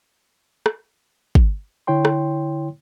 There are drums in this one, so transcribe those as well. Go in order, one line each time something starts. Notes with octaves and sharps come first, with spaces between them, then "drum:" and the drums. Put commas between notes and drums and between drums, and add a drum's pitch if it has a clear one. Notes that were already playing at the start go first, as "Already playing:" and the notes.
drum: rim click
drum: kick
D3 E4 C#5 G5 C6
drum: rim click